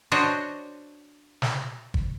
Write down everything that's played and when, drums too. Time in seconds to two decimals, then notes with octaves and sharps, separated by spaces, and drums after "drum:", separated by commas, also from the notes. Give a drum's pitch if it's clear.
0.12 D4 F#4 C5 C#5 D#5
1.42 drum: snare
1.94 drum: kick